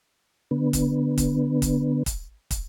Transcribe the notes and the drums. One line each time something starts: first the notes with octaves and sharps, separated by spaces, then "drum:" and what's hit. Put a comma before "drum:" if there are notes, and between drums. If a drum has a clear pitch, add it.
D3 B3
drum: kick, hi-hat
drum: kick, hi-hat
drum: kick, hi-hat
drum: kick, hi-hat
drum: kick, hi-hat